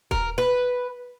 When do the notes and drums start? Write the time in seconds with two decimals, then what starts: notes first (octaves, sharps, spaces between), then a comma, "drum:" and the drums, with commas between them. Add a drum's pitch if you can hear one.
0.11 A#4, drum: kick D#1
0.38 B4